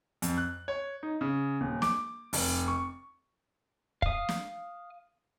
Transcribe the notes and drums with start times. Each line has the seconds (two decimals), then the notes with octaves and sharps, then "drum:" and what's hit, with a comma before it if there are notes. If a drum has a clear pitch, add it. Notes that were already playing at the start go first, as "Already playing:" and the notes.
0.22 F2, drum: hi-hat
0.38 F#6
0.68 C#5
1.03 D#4
1.21 C#3
1.61 D#1
1.82 D6, drum: snare
2.33 F1, drum: open hi-hat
2.68 C#6
4.02 F5 D#6, drum: kick
4.29 drum: snare